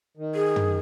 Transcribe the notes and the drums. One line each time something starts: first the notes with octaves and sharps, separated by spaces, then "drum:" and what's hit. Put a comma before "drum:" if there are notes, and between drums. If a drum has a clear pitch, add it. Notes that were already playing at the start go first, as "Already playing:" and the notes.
D#3
G#4
drum: tom